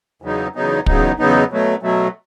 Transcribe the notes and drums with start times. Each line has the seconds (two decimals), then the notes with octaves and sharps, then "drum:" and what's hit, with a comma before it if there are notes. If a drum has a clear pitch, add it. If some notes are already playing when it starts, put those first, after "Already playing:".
0.22 E2 C#3 F#3 B3 D#4
0.55 E2 C#3 F#3 B3 D#4
0.86 E2 C#3 F#3 B3 D#4, drum: kick
1.19 E2 C#3 F#3 B3 D#4
1.51 B2 F#3 A3
1.82 B2 F#3 A3